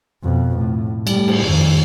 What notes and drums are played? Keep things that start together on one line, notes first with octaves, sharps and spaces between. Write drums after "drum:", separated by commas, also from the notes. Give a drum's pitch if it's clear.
F2 B2
A2
A2 G3, drum: cymbal
drum: cymbal
F2 D#3